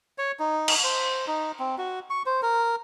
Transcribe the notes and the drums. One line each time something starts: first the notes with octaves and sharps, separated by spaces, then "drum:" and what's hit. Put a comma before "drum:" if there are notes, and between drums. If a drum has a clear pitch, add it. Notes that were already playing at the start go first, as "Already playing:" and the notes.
C#5
D#4
drum: cymbal
C5
D#4
C4
F#4
C#6
C5
A#4